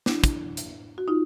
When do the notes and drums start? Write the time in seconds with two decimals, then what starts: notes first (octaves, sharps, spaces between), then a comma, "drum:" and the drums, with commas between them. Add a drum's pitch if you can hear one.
0.06 D4 E4, drum: snare
0.24 drum: kick, hi-hat
0.57 drum: hi-hat
0.98 F#4
1.08 D#4 F4